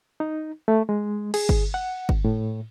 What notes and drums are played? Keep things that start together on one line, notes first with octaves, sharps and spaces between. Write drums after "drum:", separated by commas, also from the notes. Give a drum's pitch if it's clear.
D#4
A3
G#3
G#4, drum: cymbal
drum: kick G1
F#5
drum: kick G1
A2